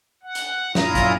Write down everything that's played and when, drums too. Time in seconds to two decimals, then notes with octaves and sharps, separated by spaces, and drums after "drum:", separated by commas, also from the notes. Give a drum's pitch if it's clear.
0.23 F#5
0.35 drum: hi-hat
0.75 F#2 A#2 E4 F4 A#5 D#6, drum: snare
0.95 drum: kick, hi-hat